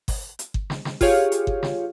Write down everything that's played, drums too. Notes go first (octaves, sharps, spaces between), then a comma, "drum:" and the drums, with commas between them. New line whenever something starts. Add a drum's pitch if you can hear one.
drum: kick G1, open hi-hat
drum: hi-hat
drum: kick G1
drum: snare
drum: snare
F4 G4 G#4 C#5 F5, drum: kick G1, open hi-hat
drum: hi-hat
drum: kick G1
drum: snare